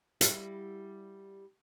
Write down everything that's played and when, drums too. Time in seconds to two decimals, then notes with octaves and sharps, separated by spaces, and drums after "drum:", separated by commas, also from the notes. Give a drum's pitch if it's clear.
0.21 G3 E4 F#4, drum: hi-hat